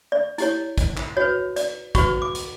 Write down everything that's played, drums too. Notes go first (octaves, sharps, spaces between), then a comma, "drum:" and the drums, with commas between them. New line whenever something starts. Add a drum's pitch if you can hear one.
D5
E4 G4 C#5, drum: hi-hat
drum: kick, hi-hat
drum: clap
F#4 B4 C#5
D5, drum: hi-hat
F#4 B4 C#6, drum: kick, hi-hat
D6
drum: hi-hat